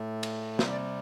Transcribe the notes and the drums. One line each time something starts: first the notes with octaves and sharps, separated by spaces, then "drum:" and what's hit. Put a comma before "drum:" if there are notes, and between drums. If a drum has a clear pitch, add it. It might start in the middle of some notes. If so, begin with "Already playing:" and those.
Already playing: A2 A3
drum: cymbal
C3 G3 C5, drum: snare
D5